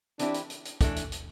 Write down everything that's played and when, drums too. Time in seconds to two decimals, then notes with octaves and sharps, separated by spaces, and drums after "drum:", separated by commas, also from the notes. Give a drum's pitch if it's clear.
0.19 E3 C4 D4 E4 G4, drum: hi-hat
0.34 drum: hi-hat
0.50 drum: hi-hat
0.65 drum: hi-hat
0.81 E3 A3 D4 A4, drum: kick, hi-hat
0.96 drum: hi-hat
1.12 drum: hi-hat